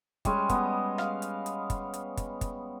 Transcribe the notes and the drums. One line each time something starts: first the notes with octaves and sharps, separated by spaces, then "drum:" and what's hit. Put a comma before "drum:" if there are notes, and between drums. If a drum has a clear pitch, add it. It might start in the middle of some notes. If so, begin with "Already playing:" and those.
G3 G#3 C#4, drum: kick, hi-hat
B3 D#5, drum: kick, hi-hat
F5, drum: rim click
drum: hi-hat
drum: hi-hat
drum: kick, hi-hat
drum: hi-hat
drum: kick, hi-hat
drum: kick, hi-hat